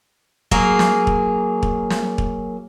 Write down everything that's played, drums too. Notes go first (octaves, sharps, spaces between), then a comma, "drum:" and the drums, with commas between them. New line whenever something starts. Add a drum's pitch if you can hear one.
F#3 A#3 G#4, drum: kick
drum: snare
drum: kick
drum: kick
drum: snare
drum: kick